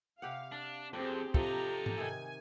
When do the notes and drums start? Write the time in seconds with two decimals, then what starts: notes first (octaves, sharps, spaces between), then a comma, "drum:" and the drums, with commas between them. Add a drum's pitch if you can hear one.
0.22 C3 G4 F5 F#5
0.52 D4
0.93 F2 C4 D4 G4 G#4
1.34 C3 F3 G4 A4 D#5 A#5, drum: kick
1.86 drum: tom G#2
1.98 C3 D#3 G#5